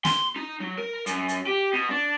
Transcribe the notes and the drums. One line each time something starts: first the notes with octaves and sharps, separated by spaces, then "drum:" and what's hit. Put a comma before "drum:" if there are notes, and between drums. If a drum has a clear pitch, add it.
C6, drum: snare
D#4
F#3
A#4
F#2, drum: hi-hat
drum: hi-hat
G4
B2
D4